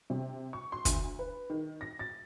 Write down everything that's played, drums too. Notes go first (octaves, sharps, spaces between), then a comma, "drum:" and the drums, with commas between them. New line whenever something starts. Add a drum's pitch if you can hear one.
C3
C#6
C6
D2, drum: kick, hi-hat
B4
D#3
A#6
A6